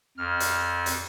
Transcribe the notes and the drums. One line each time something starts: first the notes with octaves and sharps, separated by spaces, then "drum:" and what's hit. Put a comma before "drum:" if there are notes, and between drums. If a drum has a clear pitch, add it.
F2 F6
drum: hi-hat
drum: hi-hat